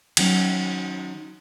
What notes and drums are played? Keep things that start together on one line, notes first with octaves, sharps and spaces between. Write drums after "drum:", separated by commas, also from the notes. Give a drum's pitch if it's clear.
D#3 F#3 C#4, drum: cymbal